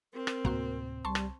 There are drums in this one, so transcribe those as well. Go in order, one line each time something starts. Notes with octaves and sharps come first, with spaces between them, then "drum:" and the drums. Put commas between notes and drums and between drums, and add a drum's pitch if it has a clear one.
C4 A#4
drum: rim click
D2 A2 C3 A#3 F#4 C6, drum: kick
C2 G3 A5 C6 C#6
drum: rim click